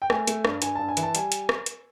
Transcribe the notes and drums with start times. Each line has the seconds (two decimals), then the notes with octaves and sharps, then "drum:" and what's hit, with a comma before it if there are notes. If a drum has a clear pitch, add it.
0.02 G5
0.10 A3 G#5, drum: rim click
0.28 A3, drum: hi-hat
0.45 G2, drum: rim click
0.62 G2 G#5, drum: hi-hat
0.75 G2 A5
0.89 G#5
0.97 E3, drum: hi-hat
1.03 A5
1.15 G3 G#5, drum: hi-hat
1.32 drum: hi-hat
1.49 drum: rim click
1.66 drum: hi-hat